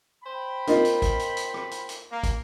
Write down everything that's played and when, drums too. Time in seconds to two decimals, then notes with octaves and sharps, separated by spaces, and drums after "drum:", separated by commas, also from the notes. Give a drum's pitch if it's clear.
0.25 C5 G5 B5
0.67 A#3 D#4 F4, drum: hi-hat
0.85 drum: hi-hat
1.02 drum: kick, hi-hat
1.19 drum: hi-hat
1.37 drum: hi-hat
1.54 drum: rim click
1.71 drum: hi-hat
1.89 drum: hi-hat
2.11 A#3
2.23 drum: kick, hi-hat